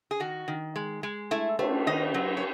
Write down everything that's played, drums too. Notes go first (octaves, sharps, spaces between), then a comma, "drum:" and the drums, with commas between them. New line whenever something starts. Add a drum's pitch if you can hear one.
G#4
D#3 F#4
D#3
G#3
G#3
A3 E4
A3, drum: cymbal
D#3 D#5
F#3
C#5